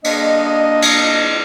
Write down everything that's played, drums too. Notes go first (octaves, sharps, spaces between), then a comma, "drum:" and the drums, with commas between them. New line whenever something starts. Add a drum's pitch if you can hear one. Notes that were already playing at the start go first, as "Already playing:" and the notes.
A#3 D4 D#5, drum: cymbal
drum: cymbal